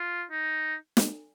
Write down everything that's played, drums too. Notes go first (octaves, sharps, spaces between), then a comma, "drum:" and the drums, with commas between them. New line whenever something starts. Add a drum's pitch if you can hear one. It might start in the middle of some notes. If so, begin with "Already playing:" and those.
Already playing: F4
D#4
drum: snare